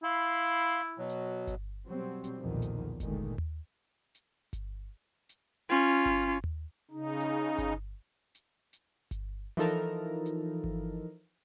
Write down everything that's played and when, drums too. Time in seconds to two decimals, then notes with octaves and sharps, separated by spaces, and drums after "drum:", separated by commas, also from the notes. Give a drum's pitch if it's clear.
0.04 E4 F5 B5 C6
0.98 B2 F#3
1.09 drum: hi-hat
1.47 drum: kick G1, hi-hat
1.86 B2 F#3 G3 C4
2.24 drum: hi-hat
2.38 B1 E2 A#2 D3 D#3 F3
2.62 drum: hi-hat
3.00 C#2 A#2 D3 D#3 G#3 A3, drum: kick G1, hi-hat
3.38 drum: tom D#2
4.15 drum: hi-hat
4.53 drum: kick G1, hi-hat
5.29 drum: hi-hat
5.70 C#4 F4, drum: hi-hat
6.06 drum: kick G1, hi-hat
6.44 drum: tom D#2
6.91 C#3 D#4
7.20 drum: hi-hat
7.58 drum: kick G1, hi-hat
8.35 drum: hi-hat
8.73 drum: hi-hat
9.11 drum: kick G1, hi-hat
9.57 E3 F3 D#4 A4 A#4
10.26 drum: hi-hat
10.64 drum: kick G1